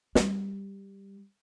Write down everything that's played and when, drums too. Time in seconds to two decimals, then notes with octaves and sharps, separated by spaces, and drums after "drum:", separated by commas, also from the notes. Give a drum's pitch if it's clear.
0.15 G3, drum: snare